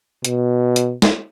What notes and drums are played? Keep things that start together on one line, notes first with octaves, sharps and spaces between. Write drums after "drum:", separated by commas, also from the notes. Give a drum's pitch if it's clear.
B2, drum: hi-hat
drum: hi-hat
drum: snare